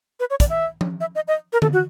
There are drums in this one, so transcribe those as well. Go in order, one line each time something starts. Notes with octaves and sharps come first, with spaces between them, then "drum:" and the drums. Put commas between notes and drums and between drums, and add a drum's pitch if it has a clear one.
B4
C#5
D5, drum: kick, hi-hat
E5
drum: tom F3
E5
D#5
D#5
A#4
A4, drum: tom D3
F#4